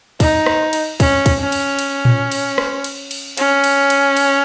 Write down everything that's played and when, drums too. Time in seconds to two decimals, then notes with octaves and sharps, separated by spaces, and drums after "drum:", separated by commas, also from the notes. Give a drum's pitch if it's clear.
0.20 D#4, drum: kick, cymbal
0.46 drum: rim click
0.73 drum: cymbal
1.00 C#4, drum: kick, cymbal
1.26 drum: kick, cymbal
1.40 C#4
1.52 drum: cymbal
1.79 drum: cymbal
2.05 drum: tom A2
2.32 drum: cymbal
2.58 drum: rim click
2.84 drum: cymbal
3.11 drum: cymbal
3.37 C#4, drum: cymbal
3.64 drum: cymbal
3.90 drum: cymbal
4.17 drum: cymbal